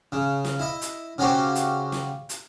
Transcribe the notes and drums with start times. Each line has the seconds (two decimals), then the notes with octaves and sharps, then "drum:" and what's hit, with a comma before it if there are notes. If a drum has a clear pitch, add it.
0.12 C#3
0.45 drum: snare
0.59 E4 D#5
0.81 drum: hi-hat
1.18 C#3 C#4 F#4 G4 C5 C#5
1.55 drum: hi-hat
1.92 drum: snare
2.29 drum: hi-hat